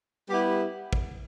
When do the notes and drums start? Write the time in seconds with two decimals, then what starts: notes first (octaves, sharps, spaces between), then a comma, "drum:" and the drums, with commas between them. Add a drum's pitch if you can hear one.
0.27 G3 B3 E4 G4
0.93 drum: kick